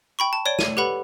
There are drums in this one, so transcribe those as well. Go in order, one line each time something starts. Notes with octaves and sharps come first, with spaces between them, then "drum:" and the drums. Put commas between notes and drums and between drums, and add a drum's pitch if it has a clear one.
G5 B5 C#6
A5
C#5 D5 D7 G7
D#7, drum: snare
G4 A4 B4 F#5 B5